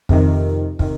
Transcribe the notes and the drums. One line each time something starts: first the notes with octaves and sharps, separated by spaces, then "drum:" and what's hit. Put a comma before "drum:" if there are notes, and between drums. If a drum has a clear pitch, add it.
F2 C3 D#3, drum: kick
C3 D#3, drum: kick